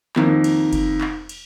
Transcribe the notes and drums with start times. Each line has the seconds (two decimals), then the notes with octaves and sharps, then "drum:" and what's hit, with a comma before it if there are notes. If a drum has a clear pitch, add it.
0.16 F2 D#3 A#3, drum: clap
0.44 drum: cymbal
0.73 drum: kick F#1, cymbal
1.01 drum: clap
1.29 drum: cymbal